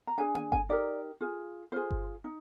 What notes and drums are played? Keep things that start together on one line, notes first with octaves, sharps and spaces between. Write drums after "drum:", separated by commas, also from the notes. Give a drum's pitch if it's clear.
A#5
D4 G#4 G#5
G#5, drum: tom A#3
G#5, drum: kick G1
D#4 G4 A#4 D5
F4 G#4
F4 G#4 C5
drum: kick G1
D#4